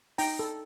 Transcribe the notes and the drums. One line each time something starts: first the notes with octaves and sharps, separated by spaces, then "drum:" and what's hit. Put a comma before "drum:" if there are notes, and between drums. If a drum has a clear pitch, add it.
D#4 G5 A#5, drum: open hi-hat
A4